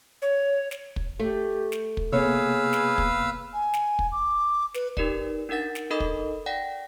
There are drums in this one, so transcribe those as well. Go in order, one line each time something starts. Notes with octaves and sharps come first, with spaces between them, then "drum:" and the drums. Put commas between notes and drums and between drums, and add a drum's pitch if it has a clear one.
C#5
drum: snare
drum: kick
A3 G4
drum: snare
drum: kick
C3 A#3 B3 G#4 B4 C#5 F5 E6
drum: snare
drum: kick
G#5
drum: snare
drum: kick
D6
B4, drum: snare
D#4 G4 A#4 B4 D5, drum: kick
D4 D#4 A#4 F#5 A6
drum: snare
D#4 A4 A#4 D#5 B5 D#6
drum: kick
D5 F#5 G5 A#6